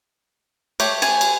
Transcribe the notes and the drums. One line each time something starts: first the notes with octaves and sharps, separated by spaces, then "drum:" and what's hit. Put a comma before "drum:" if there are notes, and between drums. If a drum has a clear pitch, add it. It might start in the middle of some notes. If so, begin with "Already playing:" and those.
A3 G4 C#5, drum: cymbal
G#5, drum: cymbal
drum: cymbal